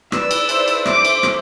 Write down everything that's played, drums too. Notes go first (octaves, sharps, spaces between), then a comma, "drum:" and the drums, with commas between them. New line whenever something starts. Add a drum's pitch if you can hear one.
B4 D5 E6, drum: rim click
drum: cymbal
C5 E5, drum: cymbal
drum: cymbal
C5 E5 D6, drum: rim click
drum: cymbal
drum: rim click